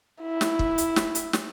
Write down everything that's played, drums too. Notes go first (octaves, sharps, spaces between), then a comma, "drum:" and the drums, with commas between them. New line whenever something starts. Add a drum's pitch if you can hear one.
E4
drum: snare
drum: kick
drum: hi-hat
drum: snare
drum: hi-hat
drum: snare